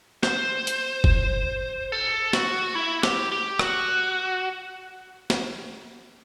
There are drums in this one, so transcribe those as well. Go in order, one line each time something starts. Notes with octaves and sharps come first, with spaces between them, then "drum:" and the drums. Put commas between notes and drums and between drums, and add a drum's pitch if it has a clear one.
C5, drum: snare
drum: hi-hat
drum: kick
A4
F#4, drum: snare
E4
G4, drum: snare
G4
F#4, drum: rim click
drum: snare